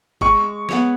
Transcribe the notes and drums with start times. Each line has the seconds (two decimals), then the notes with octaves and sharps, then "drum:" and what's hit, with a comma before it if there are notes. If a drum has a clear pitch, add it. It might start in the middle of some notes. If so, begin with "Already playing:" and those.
0.21 G#3 C#6, drum: kick F#1
0.69 B3 G#4 C#5, drum: snare